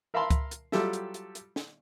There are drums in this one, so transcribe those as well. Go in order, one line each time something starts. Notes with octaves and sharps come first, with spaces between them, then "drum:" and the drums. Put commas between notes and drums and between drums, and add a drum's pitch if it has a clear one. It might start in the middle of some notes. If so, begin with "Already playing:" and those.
A#4 E5 F5 A5 B5 C6
drum: kick C#2, hi-hat
drum: hi-hat
F#3 G3 F4 G4 A4 E5, drum: snare
drum: hi-hat
drum: hi-hat
drum: hi-hat
drum: snare